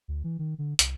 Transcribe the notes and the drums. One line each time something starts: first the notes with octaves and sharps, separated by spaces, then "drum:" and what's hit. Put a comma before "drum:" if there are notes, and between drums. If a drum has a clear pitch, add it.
D2
E3
D#3
D3
C2, drum: hi-hat